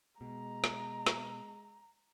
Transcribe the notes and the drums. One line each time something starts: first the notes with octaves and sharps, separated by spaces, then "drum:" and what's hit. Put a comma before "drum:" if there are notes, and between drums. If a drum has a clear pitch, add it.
B2 G#3 A#5
drum: snare
drum: snare